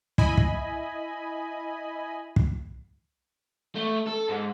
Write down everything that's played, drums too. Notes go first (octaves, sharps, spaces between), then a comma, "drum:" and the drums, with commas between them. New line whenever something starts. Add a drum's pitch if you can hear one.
E4 D#5 G#5 B5, drum: kick
drum: kick
drum: kick
A3
A4
G#2